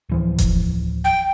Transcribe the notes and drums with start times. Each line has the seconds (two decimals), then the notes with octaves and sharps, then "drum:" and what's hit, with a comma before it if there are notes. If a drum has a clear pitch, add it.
0.09 D1 E3 F3
0.38 drum: kick F1, hi-hat
1.04 G5